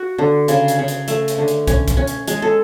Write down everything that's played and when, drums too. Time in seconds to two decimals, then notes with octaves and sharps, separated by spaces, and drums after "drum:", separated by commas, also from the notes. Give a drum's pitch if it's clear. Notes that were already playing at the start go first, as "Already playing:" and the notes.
Already playing: F#4
0.18 D3
0.48 C#3, drum: hi-hat
0.68 drum: hi-hat
0.79 C#3
0.88 drum: hi-hat
1.08 A3, drum: hi-hat
1.28 drum: hi-hat
1.38 D3
1.48 drum: hi-hat
1.68 C#4, drum: kick, hi-hat
1.88 drum: kick, hi-hat
1.97 C#4
2.07 drum: hi-hat
2.28 G#3 G#4, drum: hi-hat
2.42 A4